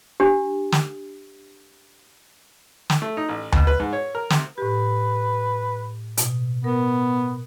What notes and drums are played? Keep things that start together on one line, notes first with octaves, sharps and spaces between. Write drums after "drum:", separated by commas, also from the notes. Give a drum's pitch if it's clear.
D4 G4
drum: snare
drum: snare
A3
D#4
A1
B2, drum: tom D2
B4
G#2
C#5
A#4
C3, drum: snare
A2 G4 B4
B2, drum: hi-hat
B3 A#4